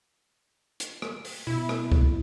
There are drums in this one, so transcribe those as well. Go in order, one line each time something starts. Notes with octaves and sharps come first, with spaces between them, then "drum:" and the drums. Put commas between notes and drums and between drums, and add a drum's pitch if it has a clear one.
drum: hi-hat
drum: rim click
drum: open hi-hat
B2 E4
drum: rim click
drum: kick C2